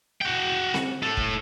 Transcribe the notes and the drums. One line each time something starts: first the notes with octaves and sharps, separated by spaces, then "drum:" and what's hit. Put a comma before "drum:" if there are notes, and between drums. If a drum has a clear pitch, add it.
F#4 G5
drum: snare C4
A2 A4
drum: kick